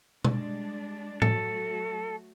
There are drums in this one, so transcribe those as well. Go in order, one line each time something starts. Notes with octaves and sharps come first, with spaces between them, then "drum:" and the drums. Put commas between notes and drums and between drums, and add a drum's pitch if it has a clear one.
G3 G#3 D4, drum: tom B2
F#3 A3 F#4 A4, drum: tom A2